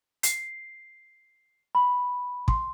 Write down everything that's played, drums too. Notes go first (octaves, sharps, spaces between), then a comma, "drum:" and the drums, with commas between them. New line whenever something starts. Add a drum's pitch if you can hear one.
C7, drum: hi-hat
B5
C6, drum: kick